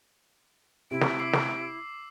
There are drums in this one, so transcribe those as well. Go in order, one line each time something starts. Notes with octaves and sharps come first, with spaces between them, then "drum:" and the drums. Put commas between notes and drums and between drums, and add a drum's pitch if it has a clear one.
C3 E4 D7
drum: snare
D6 E6 C7
drum: snare